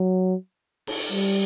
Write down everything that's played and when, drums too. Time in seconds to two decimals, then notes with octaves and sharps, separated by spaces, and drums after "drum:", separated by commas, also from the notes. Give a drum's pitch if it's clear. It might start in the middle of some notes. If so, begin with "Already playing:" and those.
Already playing: F#3
0.87 drum: cymbal
1.11 G3